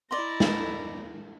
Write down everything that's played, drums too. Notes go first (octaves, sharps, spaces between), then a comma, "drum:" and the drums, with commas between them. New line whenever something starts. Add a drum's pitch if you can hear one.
E4 D5 D#5 A#5 C6
drum: snare